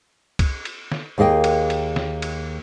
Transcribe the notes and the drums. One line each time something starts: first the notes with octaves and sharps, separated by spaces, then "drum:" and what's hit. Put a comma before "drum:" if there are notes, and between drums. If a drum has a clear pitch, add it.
drum: kick C2, cymbal
drum: cymbal
drum: snare
D#2 A#3 G#4 D#5 G5
drum: cymbal
drum: cymbal
drum: snare
drum: cymbal